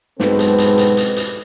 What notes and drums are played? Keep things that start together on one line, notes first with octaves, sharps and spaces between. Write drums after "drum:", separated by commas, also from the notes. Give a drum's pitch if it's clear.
B1 G#2 B2 C4 A4 B4, drum: snare
drum: hi-hat
drum: hi-hat
drum: hi-hat
drum: hi-hat
drum: hi-hat